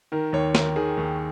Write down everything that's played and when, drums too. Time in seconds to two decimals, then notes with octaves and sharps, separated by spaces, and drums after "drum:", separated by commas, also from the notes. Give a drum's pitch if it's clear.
0.12 D#3 A#4
0.33 D#2 C#5
0.55 D#3 A#4, drum: snare
0.76 D#3 G#4
0.97 D#2